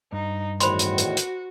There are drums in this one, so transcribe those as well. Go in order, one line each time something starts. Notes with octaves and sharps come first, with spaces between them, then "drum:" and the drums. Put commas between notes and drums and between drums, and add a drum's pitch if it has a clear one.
G2 D#4
E2 A2 D#3 F#4 C5 B5 C6, drum: hi-hat
drum: hi-hat
drum: hi-hat
drum: hi-hat